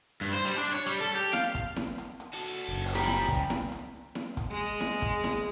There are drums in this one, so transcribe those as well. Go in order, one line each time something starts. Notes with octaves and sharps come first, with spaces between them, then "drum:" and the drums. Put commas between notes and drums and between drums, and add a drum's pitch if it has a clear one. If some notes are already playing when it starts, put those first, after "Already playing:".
G2
C5
G3, drum: hi-hat
D4
C#5
G3
A4
G4
F5, drum: snare E4
drum: kick, hi-hat
drum: snare E4
drum: hi-hat
drum: hi-hat
F#4 A4
F#1
drum: open hi-hat
F3 G3 G5 G#5 A#5 B5
drum: snare E4
C#2, drum: kick, hi-hat
drum: snare E4
drum: hi-hat
drum: snare E4
drum: kick, hi-hat
G#3
drum: snare E4
drum: kick, hi-hat
drum: snare E4